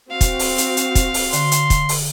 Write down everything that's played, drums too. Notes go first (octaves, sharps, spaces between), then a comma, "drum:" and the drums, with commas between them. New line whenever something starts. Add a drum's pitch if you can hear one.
C4 F#4 F5
drum: kick, hi-hat
drum: open hi-hat
drum: hi-hat
drum: hi-hat
drum: kick, hi-hat
drum: open hi-hat
D3 C6, drum: hi-hat
drum: hi-hat
drum: kick, hi-hat
drum: open hi-hat